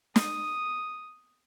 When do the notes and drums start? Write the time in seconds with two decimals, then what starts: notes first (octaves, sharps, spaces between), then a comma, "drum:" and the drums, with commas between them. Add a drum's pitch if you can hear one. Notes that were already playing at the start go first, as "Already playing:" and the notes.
0.16 D#6, drum: snare